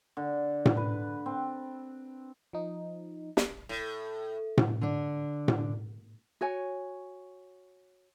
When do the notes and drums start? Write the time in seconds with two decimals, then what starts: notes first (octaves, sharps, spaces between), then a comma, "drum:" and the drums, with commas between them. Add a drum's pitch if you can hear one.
0.17 D3
0.65 drum: tom A2
0.77 B4
1.26 C4
2.53 F3 D#4
3.37 drum: snare
3.69 A2
4.57 drum: tom A2
4.81 D3 D4
5.48 drum: tom A2
6.41 F#4 C#5 G#5